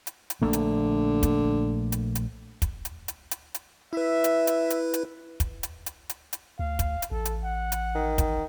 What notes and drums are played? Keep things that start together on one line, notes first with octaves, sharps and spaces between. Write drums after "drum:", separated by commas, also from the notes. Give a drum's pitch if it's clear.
drum: hi-hat
drum: hi-hat
A#1 D3 A3 A#3
drum: hi-hat
drum: kick, hi-hat
drum: hi-hat
drum: hi-hat
drum: kick, hi-hat
drum: hi-hat
drum: hi-hat
drum: hi-hat
drum: hi-hat
E4 B4 E5
drum: hi-hat
drum: hi-hat
drum: hi-hat
drum: hi-hat
drum: kick, hi-hat
drum: hi-hat
drum: hi-hat
drum: hi-hat
drum: hi-hat
D2 F5
drum: kick, hi-hat
drum: hi-hat
A1 A4
drum: hi-hat
F#5
drum: hi-hat
D#3
drum: kick, hi-hat